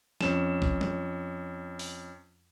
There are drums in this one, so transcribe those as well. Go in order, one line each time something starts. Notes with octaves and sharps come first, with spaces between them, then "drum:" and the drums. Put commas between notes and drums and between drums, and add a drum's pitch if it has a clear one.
F2 C#4 E7, drum: snare
drum: kick
drum: tom F#3
drum: open hi-hat